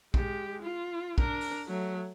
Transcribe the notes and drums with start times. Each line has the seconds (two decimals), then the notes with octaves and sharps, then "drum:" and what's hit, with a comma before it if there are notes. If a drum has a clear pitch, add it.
0.14 G#3 G4, drum: kick
0.62 F4
1.18 D4 A#4, drum: kick
1.41 drum: open hi-hat
1.67 F#3 A3